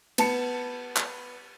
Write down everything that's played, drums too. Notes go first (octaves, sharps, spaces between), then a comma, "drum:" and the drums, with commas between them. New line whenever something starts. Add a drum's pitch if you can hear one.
B3 A5 C#7, drum: cymbal
drum: clap